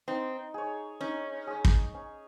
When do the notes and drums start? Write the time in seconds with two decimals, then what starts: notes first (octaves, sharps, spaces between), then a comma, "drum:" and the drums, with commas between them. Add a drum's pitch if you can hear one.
0.08 C4 D#4
0.54 G#4 C#5
1.01 C#4 D#4
1.47 G#4 C#5
1.65 drum: kick
1.94 C#4